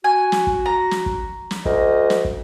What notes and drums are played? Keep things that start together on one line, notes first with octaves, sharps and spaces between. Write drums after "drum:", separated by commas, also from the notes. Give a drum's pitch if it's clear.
F#4 G#5
drum: snare
drum: kick
A#5
drum: snare
drum: kick
drum: snare
D2 D#5, drum: kick
drum: snare
drum: kick